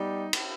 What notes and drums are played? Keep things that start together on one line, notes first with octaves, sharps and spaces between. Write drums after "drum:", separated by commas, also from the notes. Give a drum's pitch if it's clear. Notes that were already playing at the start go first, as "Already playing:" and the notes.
Already playing: G3 B3 D#4
drum: cymbal